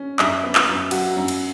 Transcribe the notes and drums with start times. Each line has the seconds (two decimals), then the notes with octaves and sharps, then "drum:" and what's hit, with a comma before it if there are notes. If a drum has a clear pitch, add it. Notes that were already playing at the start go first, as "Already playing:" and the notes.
Already playing: C#4
0.19 F#2 E5, drum: clap
0.44 B3
0.55 drum: clap
0.68 F#2
0.91 F#3 F#5, drum: cymbal
1.17 F#2
1.28 drum: cymbal